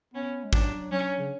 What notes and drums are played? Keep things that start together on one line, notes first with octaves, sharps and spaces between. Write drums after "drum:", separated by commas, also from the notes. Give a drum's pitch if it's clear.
B3 C#4
G#3
F#3 D4, drum: kick
F#3 C#4
C#3